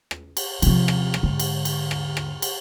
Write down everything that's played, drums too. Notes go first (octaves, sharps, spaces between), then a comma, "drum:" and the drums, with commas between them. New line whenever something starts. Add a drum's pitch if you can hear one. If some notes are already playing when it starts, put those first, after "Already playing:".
drum: rim click
drum: cymbal
C3 F3, drum: cymbal
drum: rim click
drum: rim click
G#2 D3
drum: cymbal
drum: cymbal
drum: rim click
drum: rim click
drum: cymbal